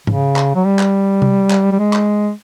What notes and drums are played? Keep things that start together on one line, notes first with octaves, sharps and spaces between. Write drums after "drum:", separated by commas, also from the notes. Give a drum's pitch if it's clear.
C#3, drum: tom G#2
drum: clap
F#3
G3
drum: clap
drum: tom C3
drum: clap
G3
G#3
drum: clap